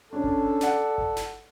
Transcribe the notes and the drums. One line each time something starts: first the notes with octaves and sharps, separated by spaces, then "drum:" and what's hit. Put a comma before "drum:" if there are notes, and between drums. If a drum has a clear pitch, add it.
C#4 D4 A4
drum: kick G1
D5 F#5, drum: snare
drum: kick G1
drum: snare